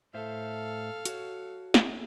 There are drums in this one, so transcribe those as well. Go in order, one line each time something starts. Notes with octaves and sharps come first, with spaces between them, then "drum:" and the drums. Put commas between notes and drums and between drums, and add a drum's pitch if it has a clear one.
A2 A4 C5 E5 F5
F#4 C#5, drum: hi-hat
drum: snare